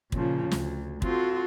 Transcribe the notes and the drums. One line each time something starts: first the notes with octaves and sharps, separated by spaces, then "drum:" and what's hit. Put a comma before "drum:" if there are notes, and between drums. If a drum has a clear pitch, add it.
A#2 C#3 F3, drum: kick
D2, drum: snare
C4 F4 F#4 A4, drum: kick